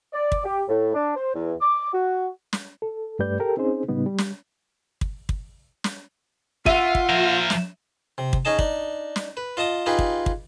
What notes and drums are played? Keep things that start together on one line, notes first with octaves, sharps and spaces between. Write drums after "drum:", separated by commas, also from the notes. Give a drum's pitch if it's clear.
D5
drum: kick
G4
A2
D4
C5
E2
D6
F#4
drum: snare
A4
G2 A3 G4 B4 D5 G6
G4 A4 A#4 G5
C4 C#4 D#4 G#4 C5
A2 C#3 G3 B3 D#4
G3
drum: snare
drum: kick
drum: kick
drum: snare
F4 E5 F#5 D#7, drum: kick
drum: kick
F3 A#4
drum: snare
C3
drum: kick
C#4 D#4 G#4 D#5 A5
D4 D#4, drum: kick
drum: snare
B4
F4 D#5 A5 D#6
D#4 F4 G4 G#4 B4
drum: kick
drum: kick